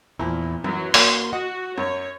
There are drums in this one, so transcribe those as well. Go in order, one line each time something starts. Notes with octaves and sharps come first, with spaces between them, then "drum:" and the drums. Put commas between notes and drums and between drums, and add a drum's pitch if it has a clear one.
E2 A#2 F3 E4
F#2 E3 F#3
A#3 F#4 C6, drum: open hi-hat
F#4 D#5 F#5
F#2 C#5